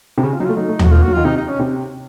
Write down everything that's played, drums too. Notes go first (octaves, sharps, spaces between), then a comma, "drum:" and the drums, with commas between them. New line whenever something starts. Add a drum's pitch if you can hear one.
C3
C#3 C#4
F4
F#3 D#4
A3 F4
F#3 D#4
A3
F#3, drum: tom D#2
F#4
A3 F4
A#3
F#4
F#3
D#3 F4
C3 D#4
D#4
C#4
C3